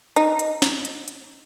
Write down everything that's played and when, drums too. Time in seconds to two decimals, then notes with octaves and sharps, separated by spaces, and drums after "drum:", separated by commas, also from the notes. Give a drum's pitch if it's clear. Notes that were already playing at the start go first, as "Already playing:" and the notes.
0.16 D#4, drum: hi-hat
0.39 drum: hi-hat
0.62 drum: snare
0.85 drum: hi-hat
1.08 drum: hi-hat